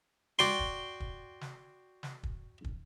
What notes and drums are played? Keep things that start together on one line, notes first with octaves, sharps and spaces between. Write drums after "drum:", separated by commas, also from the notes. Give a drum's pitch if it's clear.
F#4 D5 G5 C6, drum: snare
drum: kick
drum: kick
drum: snare
drum: snare
drum: kick
drum: kick